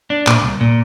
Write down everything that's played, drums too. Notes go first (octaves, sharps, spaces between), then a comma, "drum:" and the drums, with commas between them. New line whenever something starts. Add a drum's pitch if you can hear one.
D4
A#2, drum: clap
C2
A#2